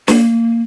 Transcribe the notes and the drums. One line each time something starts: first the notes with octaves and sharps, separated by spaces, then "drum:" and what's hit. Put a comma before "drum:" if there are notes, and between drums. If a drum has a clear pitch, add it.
A#3, drum: snare